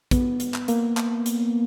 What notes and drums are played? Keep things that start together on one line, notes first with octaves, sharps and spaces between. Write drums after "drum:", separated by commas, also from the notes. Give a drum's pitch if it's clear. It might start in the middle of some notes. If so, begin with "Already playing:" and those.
B3, drum: kick, hi-hat
drum: hi-hat
drum: clap
A#3, drum: hi-hat
drum: clap
drum: hi-hat